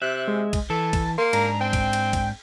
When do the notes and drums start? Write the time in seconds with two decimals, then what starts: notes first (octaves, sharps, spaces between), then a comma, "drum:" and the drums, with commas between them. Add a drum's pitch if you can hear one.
0.02 C3 E5 F#6
0.28 G#3
0.53 drum: kick, cymbal
0.70 E3 A4 A5
0.93 drum: kick, cymbal
1.18 A#3 C6
1.33 G#2 D4 A#5, drum: cymbal
1.61 C4 G5
1.73 drum: kick, cymbal
1.93 drum: cymbal
2.13 drum: kick, cymbal